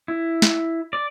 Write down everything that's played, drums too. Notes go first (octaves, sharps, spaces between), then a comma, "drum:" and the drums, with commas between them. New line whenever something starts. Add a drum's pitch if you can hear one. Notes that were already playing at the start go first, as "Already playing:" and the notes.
E4
drum: snare
D5